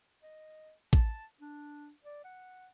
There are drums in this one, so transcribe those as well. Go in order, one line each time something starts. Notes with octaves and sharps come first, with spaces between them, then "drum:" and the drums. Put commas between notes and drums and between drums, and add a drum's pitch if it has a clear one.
D#5
A5, drum: kick
D4
D5
F#5